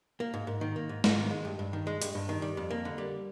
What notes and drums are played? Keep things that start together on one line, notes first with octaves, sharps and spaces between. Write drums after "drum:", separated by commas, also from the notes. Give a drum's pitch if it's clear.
A#3
G#2
G#2
D#3
A#3
G#2
G#2, drum: snare
D#3
G#3
G2
G2
D#3
G#3
G2, drum: hi-hat
G2
D#3
G3
F2
A#3
D3
G3